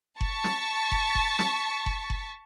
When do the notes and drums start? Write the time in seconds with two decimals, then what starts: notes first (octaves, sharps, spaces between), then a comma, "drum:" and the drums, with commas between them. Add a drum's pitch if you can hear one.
0.21 A5 C#6 A6 B6, drum: kick F#1
0.44 drum: snare
0.92 drum: kick F#1
1.15 drum: kick F#1
1.39 drum: snare
1.86 drum: kick F#1
2.10 drum: kick F#1